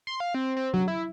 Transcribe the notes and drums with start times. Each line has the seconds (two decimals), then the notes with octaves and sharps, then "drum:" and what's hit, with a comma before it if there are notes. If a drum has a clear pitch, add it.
0.07 C6
0.20 F5
0.35 C4
0.57 C4
0.74 F#3, drum: tom F#3
0.88 E4